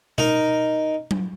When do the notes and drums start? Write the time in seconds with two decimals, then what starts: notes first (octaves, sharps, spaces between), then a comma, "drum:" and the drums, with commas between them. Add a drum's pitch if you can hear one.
0.18 D#4 A#4, drum: tom B2
1.11 drum: tom F#3